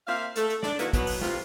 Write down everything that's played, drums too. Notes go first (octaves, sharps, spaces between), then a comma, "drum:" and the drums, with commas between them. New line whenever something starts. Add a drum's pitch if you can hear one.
A#3 C4 E5 F5
A3 A4, drum: hi-hat
drum: hi-hat
D4 D5, drum: snare
D#3 A#3 B3 E4 F#4 B4, drum: hi-hat
B2 F#3 B3, drum: kick, hi-hat
drum: open hi-hat
F2 C3 C4 F4, drum: snare